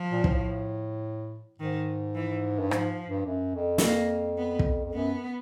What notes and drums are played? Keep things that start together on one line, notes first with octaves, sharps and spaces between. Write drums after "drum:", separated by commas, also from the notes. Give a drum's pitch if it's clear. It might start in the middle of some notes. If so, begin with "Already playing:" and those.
Already playing: F3
A#2
G#2, drum: kick
A2
G#2 D#3
E3
G2
G#2 F3, drum: rim click
G2
F#2
F2
F#2, drum: snare
F2 A#3
B3
drum: kick
F2
F#2 B3